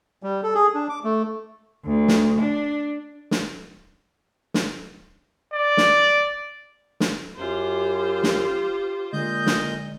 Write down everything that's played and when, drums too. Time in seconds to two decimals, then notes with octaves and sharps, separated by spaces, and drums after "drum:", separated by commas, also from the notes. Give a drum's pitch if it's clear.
0.23 G3
0.43 A4
0.55 G#4
0.74 D4
0.89 D6
1.04 A3
1.85 D2
2.08 drum: snare
2.39 D4
3.31 drum: snare
4.54 drum: snare
5.54 D5
5.77 drum: snare
7.00 drum: snare
7.36 F#2 F4 G4 C5
8.23 drum: snare
9.13 A#2 D3 G#3 D#5 G6
9.46 drum: snare